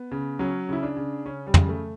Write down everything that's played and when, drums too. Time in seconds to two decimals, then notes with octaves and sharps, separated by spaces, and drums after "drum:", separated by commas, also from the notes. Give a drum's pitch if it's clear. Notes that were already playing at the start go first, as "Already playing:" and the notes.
Already playing: B3
0.11 C#3
0.39 F#3 C#4
0.69 C#3 E4
0.83 D4
0.97 C#3
1.25 C#3 C#4
1.47 G3
1.54 C#3, drum: tom
1.69 A3